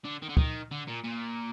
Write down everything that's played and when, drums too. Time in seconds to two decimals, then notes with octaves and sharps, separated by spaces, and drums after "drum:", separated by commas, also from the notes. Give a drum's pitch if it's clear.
0.04 D3
0.22 D#3
0.29 D3
0.37 D#3, drum: kick
0.71 D3
0.88 A#2
1.04 A#2